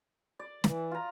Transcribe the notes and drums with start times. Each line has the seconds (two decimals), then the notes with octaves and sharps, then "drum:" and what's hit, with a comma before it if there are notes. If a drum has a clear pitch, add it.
0.39 D5
0.64 E3, drum: snare
0.91 F4 A#5